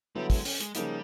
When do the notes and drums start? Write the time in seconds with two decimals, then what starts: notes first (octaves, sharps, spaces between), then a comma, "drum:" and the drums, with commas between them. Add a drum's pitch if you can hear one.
0.15 D3 F#3 G3 B3 E4
0.30 G#3, drum: kick, open hi-hat
0.45 C#4, drum: open hi-hat
0.60 G#3, drum: hi-hat
0.75 C#3 F3 G3 A#3 D#4, drum: hi-hat